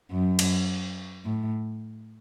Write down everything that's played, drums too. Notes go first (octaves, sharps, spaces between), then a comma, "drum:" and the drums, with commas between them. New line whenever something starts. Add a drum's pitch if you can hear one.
F#2
drum: cymbal
A2